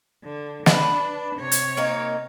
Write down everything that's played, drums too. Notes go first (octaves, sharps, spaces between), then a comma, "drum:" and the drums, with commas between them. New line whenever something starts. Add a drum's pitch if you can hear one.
D3
D4 B4, drum: snare
C3 C#5
drum: hi-hat
A#3 C4 D#4